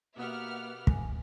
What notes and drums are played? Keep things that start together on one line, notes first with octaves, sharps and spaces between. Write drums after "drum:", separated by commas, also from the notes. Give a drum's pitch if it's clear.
B2 A#3 B3 G4 E5 F#5 D#6 F6
G#5, drum: kick